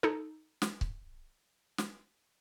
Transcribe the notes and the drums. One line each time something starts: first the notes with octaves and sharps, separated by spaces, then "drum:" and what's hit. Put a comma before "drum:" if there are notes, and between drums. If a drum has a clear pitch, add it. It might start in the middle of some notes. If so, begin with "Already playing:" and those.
D#4 A4
drum: snare
drum: kick C#1
drum: snare